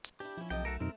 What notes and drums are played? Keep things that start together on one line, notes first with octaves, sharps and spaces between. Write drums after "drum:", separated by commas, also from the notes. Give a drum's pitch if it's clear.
drum: hi-hat
D4 E4 G4
F3 C#4 E4
B1 C3 A4 D#5 G5
A3 F#4 A4 A#4
F2 B2 F#3 C4 D#4 A#4